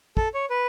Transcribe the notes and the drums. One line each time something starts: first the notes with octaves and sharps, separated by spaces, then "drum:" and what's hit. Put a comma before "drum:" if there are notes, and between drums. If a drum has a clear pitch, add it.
A4, drum: kick
C#5
B4